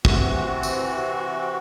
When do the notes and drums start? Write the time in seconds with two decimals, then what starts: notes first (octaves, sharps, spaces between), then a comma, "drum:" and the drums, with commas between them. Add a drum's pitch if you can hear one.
0.05 C3 E3 C4 F#4, drum: kick
0.63 drum: tambourine